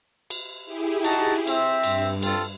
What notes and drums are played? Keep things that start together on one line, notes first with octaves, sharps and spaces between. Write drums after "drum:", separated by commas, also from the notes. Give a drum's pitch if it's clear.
drum: cymbal
E4 G4 G#4
D#4 F#4 A5, drum: cymbal
C4 E5, drum: cymbal
G2, drum: cymbal
C4 F4 A4, drum: cymbal